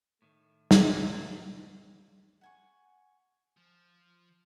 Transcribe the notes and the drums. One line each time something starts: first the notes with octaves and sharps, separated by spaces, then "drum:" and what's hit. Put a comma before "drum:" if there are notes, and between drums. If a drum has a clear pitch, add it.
A2 D#3 A3
drum: snare
F#5 G#5 C#6
F3